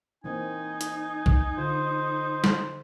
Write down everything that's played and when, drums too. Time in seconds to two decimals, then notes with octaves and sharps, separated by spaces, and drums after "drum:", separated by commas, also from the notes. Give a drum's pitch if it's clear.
0.24 E3 A#3 C4 D#4 G#5
0.81 drum: hi-hat
1.26 drum: kick B1
1.57 D3 F4 C5
2.44 drum: snare